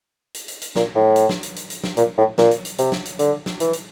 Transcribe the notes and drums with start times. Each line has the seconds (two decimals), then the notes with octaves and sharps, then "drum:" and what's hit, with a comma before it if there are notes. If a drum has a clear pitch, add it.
0.34 drum: hi-hat
0.48 drum: hi-hat
0.62 drum: hi-hat
0.76 A#2, drum: snare
0.95 A2
1.16 drum: hi-hat
1.29 drum: snare
1.43 drum: hi-hat
1.56 drum: hi-hat
1.70 drum: hi-hat
1.84 drum: snare
1.97 A#2, drum: hi-hat
2.18 A2
2.38 A#2, drum: snare
2.51 drum: hi-hat
2.65 drum: hi-hat
2.78 C3, drum: hi-hat
2.92 drum: snare
3.05 drum: hi-hat
3.19 D3, drum: hi-hat
3.46 drum: snare
3.60 E3, drum: hi-hat
3.73 drum: hi-hat